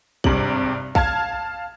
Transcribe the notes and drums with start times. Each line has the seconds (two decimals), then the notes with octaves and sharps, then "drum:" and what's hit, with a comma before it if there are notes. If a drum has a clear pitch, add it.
0.24 G#1 G2 C3 F#7, drum: kick
0.95 F5 A5 F6 G#6, drum: kick